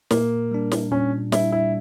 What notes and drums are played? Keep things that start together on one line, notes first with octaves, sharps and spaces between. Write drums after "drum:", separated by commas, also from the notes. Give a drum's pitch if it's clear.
A#2 A#3, drum: snare
G3 D4
drum: snare
A#2 C#4
G3 D4 E4, drum: snare
E4